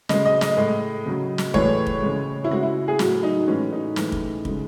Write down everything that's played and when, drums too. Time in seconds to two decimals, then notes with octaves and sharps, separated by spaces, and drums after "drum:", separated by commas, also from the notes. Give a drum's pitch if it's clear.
0.09 C#3 G#3 D#5, drum: snare
0.25 D#5
0.41 D#5, drum: snare
0.57 A2 G#3
1.06 C#3 F#3
1.38 drum: snare
1.54 A2 E3 G#3 C#5, drum: kick
1.87 drum: kick
2.02 C#3 G#3
2.44 E4
2.51 C#3 G#3 F#4
2.63 E4
2.88 G#4
2.99 A2 F#3 F#4, drum: snare
3.23 D#4
3.48 A2 E3 G#3 C#4
3.72 D#4
3.96 A2 E3 G#3, drum: snare
4.12 drum: kick
4.45 C#3 G#3, drum: kick